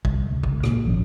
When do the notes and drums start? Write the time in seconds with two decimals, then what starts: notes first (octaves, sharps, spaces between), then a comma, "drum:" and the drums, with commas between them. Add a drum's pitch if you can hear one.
0.05 C2, drum: kick
0.31 C#2
0.43 drum: kick
0.63 A#2, drum: rim click
0.85 D1 G#1 F3 C#4